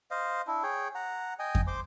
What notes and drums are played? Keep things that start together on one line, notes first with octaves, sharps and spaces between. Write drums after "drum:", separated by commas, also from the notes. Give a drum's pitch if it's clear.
C5 D#5 F5
D4 E4
G#4 C#5 G5
F#5 A#5
D#5 G5 G#5
drum: kick F2
C5 C6 D6